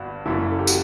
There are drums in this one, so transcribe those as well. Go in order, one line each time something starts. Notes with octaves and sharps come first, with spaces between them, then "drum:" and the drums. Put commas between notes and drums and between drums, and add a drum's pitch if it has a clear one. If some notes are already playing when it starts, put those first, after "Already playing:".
Already playing: G1 G2 F#4
F#1 F#2 E3 E4
A4
G4
F#4, drum: tambourine